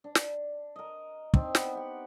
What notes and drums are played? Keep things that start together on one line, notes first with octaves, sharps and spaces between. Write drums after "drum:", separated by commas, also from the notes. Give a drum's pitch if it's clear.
D4
drum: snare
A#4 D#5
C4 D4 D#4 D5, drum: kick
B3, drum: snare
G4 F#5